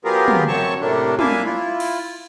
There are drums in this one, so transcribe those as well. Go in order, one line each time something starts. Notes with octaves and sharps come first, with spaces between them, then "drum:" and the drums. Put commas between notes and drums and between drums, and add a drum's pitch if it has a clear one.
F#3 B3 F4 G4 G#4 A#4
drum: tom
F#2 F#3 C4 C#5 A5 C#6
A2 C3 A3 A#3 D4
A#3 D4 E4 E5 F5 G#5, drum: tom
E4 F4
drum: cymbal